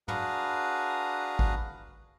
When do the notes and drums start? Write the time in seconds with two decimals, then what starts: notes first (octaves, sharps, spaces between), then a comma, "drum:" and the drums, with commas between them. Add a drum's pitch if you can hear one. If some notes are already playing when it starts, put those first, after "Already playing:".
0.08 D4 F#4 G#4 B4 F5 A#5, drum: tom
1.39 drum: kick A1